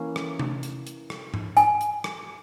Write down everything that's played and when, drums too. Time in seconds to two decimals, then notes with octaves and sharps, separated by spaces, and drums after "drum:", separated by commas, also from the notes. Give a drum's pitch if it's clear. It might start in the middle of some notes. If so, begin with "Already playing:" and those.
Already playing: E3 A#3 C#4
0.16 drum: rim click
0.39 drum: tom C3
0.63 drum: hi-hat
0.87 drum: hi-hat
1.10 drum: rim click
1.34 drum: tom G#2
1.57 G#5, drum: hi-hat
1.81 drum: hi-hat
2.04 drum: rim click